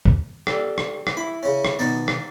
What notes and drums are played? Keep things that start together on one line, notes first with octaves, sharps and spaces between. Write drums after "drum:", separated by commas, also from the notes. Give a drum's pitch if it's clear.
drum: kick
G4 A4 D5, drum: rim click
drum: rim click
drum: rim click
E4 B5
C#3 C#4
drum: rim click
B2 D#3 B3 D#4 D5
drum: rim click